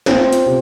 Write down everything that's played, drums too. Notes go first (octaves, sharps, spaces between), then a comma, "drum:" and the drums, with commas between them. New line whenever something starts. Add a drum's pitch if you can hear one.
C4 F4, drum: snare
drum: hi-hat
C3